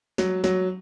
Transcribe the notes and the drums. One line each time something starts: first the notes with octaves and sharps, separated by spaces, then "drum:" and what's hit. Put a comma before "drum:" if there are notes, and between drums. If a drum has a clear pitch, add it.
F#3, drum: snare
F#3, drum: snare